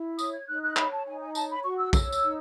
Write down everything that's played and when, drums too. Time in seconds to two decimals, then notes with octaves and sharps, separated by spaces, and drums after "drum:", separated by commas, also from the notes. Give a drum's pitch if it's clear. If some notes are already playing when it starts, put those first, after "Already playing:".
Already playing: E4
0.19 C#5 D#6, drum: tambourine
0.34 G#6
0.48 D#4 F#6
0.62 F#6
0.77 C#5 B5, drum: clap
0.92 A5
1.06 D#4 G#5
1.21 G#5
1.35 C#5 A5, drum: tambourine
1.50 B5
1.64 F#4 C#6
1.78 E6
1.93 C#5 E6, drum: kick, tambourine
2.12 drum: tambourine
2.22 D#4